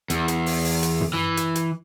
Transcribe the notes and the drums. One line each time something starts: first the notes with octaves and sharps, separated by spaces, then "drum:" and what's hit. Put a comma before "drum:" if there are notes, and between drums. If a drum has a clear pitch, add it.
E2, drum: hi-hat
drum: hi-hat
drum: open hi-hat
drum: open hi-hat
drum: hi-hat
drum: tom
E3
drum: hi-hat
drum: hi-hat